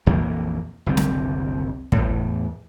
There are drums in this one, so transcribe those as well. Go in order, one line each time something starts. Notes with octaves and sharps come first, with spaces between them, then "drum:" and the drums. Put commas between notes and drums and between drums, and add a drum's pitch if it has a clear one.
A#1 F2 E3 A#3
F#1 C2 D3 C4
drum: snare
E2 A2, drum: kick